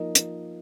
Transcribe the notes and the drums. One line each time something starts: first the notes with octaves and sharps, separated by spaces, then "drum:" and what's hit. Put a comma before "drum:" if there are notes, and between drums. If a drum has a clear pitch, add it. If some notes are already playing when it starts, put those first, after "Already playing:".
Already playing: F3 A#3 D#4 A#4 D#5
drum: hi-hat